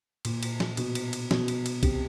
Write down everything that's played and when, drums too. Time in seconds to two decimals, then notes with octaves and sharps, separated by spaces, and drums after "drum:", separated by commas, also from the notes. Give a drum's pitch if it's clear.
0.25 A#2, drum: cymbal
0.43 drum: cymbal
0.60 drum: snare
0.77 B2, drum: cymbal
0.95 drum: cymbal
1.13 drum: cymbal
1.31 B2, drum: snare
1.48 drum: cymbal
1.66 drum: cymbal
1.83 C3, drum: kick, cymbal